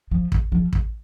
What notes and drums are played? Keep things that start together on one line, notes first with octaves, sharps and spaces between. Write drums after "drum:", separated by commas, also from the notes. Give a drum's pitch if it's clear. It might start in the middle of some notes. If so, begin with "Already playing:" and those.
F3
drum: kick
F3
drum: kick